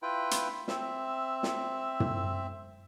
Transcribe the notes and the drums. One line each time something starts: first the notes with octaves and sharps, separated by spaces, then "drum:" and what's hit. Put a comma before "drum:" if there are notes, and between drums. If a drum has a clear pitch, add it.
E4 F4 B4 G5
drum: hi-hat
C4 E5, drum: snare
drum: snare
drum: tom